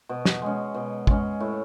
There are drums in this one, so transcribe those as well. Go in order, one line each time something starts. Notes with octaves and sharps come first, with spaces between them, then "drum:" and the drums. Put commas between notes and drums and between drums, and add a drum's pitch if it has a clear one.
B2
drum: snare
G#3 C#4
B2
G#3 C#4, drum: kick
A2